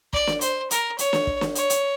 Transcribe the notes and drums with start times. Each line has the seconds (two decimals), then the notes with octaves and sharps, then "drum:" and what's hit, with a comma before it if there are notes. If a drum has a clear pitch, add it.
0.13 D5, drum: kick
0.27 drum: snare
0.41 C5, drum: hi-hat
0.71 A#4, drum: hi-hat
0.99 C#5, drum: hi-hat
1.13 drum: snare
1.27 drum: kick
1.41 drum: snare
1.55 C#5, drum: hi-hat
1.70 drum: hi-hat